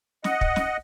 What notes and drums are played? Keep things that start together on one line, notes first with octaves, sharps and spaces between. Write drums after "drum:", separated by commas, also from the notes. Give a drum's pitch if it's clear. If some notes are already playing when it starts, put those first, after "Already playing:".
D#5 F#5, drum: snare
drum: kick
drum: snare